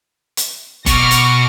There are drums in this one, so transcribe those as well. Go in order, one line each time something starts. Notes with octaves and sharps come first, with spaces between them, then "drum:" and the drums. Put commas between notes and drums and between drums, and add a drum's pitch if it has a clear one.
drum: hi-hat
B2 C#6 D6 F6 A#6, drum: kick F1, hi-hat
drum: hi-hat